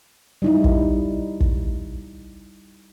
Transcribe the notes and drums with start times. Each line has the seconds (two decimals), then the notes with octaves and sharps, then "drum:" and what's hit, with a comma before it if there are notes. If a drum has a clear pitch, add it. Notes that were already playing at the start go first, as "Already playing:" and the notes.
0.42 G3 D#4 E4
0.64 drum: kick
1.40 drum: kick